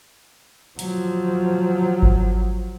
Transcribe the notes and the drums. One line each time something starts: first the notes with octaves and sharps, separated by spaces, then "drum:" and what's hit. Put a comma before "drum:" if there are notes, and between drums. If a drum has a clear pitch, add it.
F3 F#3, drum: hi-hat
drum: kick G#1